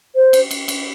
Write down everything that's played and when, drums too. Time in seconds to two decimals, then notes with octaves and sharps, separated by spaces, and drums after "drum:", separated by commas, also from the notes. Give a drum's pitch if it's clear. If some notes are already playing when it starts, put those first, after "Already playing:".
0.16 C5
0.33 drum: cymbal
0.51 drum: cymbal
0.68 drum: cymbal